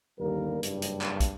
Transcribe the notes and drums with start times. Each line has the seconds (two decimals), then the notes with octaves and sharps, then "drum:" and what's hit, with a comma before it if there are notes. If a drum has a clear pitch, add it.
0.19 G1 D#2 G3 A#3 A#4
0.63 F#1 G2, drum: hi-hat
0.82 drum: hi-hat
1.01 drum: clap
1.20 drum: kick, hi-hat